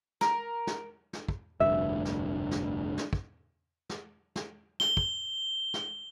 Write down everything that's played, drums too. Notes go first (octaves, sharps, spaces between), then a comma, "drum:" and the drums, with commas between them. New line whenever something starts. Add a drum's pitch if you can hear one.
A#4, drum: snare
drum: snare
drum: snare
drum: kick
F1 D2 G2 E5
drum: snare
drum: snare
drum: snare
drum: kick
drum: snare
drum: snare
G7, drum: snare
drum: kick
drum: snare